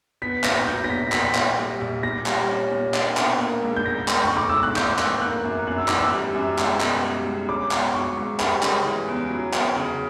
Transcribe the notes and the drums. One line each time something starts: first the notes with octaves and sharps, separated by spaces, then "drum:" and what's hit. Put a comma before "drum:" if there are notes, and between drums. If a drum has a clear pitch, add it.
B3 B6
A#2 A#6, drum: clap
A#6
F#3 G6
A#6
A#1 B6
A#1 B6, drum: clap
A#2, drum: clap
G3
A#1
A#2 A#6
G3, drum: clap
C#4
A#2
D4, drum: clap
B2, drum: clap
A#3
C#2
G6
E1 A#6
D2, drum: clap
C#6
C#3
D6
E1 E6
F#6
E4 G6, drum: clap
E3, drum: clap
A#3 F#6
F#2
F#2 F#6
E6
E3 D6, drum: clap
E6
G3
F#2
C#2, drum: clap
B2, drum: clap
G3
C#2
C#4 D6
B2, drum: clap
F#3 C#6
C#2
G3 B5, drum: clap
C#3, drum: clap
E3
E2
F#3
E2, drum: clap
C#3